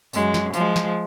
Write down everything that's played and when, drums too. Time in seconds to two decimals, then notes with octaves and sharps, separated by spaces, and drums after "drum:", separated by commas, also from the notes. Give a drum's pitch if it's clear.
0.13 F#2 G#3, drum: tambourine
0.34 drum: snare
0.54 F3 G#3, drum: tambourine
0.76 drum: snare